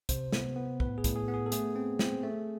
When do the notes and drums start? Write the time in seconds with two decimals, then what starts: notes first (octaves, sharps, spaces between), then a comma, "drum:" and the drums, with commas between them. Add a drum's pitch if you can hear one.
0.09 C3 C5, drum: kick, hi-hat
0.32 B3, drum: snare
0.56 B3
0.80 A2 B4, drum: kick
0.98 G#4
1.04 A2, drum: kick, hi-hat
1.16 G#4
1.28 B3
1.34 G#4
1.46 A4
1.52 A3 G#4, drum: hi-hat
1.76 C4
1.99 C4, drum: snare
2.23 A3